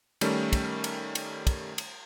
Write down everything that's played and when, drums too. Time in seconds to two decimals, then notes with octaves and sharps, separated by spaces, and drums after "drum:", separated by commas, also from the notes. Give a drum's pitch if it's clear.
0.21 D#3 G3 A3 C#4, drum: cymbal
0.53 drum: kick, cymbal
0.84 drum: cymbal
1.15 drum: cymbal
1.47 drum: kick, cymbal
1.78 drum: cymbal